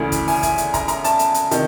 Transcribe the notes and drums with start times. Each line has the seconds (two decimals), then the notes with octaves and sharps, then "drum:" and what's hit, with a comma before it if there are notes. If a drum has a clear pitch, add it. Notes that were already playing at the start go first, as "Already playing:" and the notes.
Already playing: D2 C#3 E3 A3 G#5
0.12 drum: kick, hi-hat
0.28 G#5, drum: open hi-hat
0.43 G#5, drum: kick, hi-hat
0.58 drum: hi-hat
0.74 A#5, drum: kick, hi-hat
0.88 A#5, drum: hi-hat
1.04 A5, drum: hi-hat
1.19 drum: hi-hat
1.34 drum: hi-hat
1.51 C3 D#3, drum: hi-hat